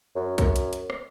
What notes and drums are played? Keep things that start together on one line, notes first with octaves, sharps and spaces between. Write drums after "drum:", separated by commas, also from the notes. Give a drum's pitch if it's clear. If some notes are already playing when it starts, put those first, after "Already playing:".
F#2
F#2, drum: kick B1, hi-hat
drum: hi-hat
drum: hi-hat
drum: rim click